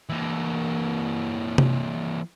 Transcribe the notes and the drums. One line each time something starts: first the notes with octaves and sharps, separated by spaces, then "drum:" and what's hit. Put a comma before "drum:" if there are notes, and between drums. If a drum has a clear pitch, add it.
E3 A#3
drum: tom C3